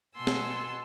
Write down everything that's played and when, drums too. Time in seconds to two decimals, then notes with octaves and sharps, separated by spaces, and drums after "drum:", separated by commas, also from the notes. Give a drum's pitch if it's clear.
0.16 B2 F#5 G#5 A5 C6 E6
0.27 drum: snare